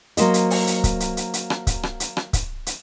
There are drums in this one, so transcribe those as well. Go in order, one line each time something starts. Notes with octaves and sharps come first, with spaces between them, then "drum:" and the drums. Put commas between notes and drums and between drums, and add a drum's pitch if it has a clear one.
F#3 A#3 C5 D#5, drum: hi-hat
drum: hi-hat
drum: open hi-hat
drum: hi-hat
drum: kick C#1, hi-hat
drum: hi-hat
drum: hi-hat
drum: hi-hat
drum: rim click
drum: kick C#1, hi-hat
drum: rim click
drum: hi-hat
drum: rim click
drum: kick C#1, hi-hat
drum: hi-hat